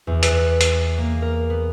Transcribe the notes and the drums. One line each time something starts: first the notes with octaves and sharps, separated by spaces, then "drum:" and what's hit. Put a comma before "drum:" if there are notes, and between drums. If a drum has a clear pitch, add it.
E2
B4, drum: hi-hat
C7, drum: hi-hat
A#3
A#4
B3